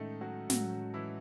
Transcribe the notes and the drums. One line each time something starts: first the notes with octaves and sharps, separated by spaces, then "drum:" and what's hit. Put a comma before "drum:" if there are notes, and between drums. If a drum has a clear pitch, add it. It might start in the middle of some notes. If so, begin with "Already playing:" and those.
Already playing: A2 D#3 G#3 A3 C#4 D#4 A4
F#3 F#4
A2 F#3 G#3 C#4 F#4, drum: snare
E3 E4